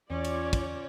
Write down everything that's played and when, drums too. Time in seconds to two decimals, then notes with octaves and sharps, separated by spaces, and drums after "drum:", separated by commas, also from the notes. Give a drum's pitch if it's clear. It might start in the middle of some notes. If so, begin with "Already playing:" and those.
0.10 E2 E3 C#4 F4 C#5 D5
0.25 drum: cymbal
0.53 drum: kick, cymbal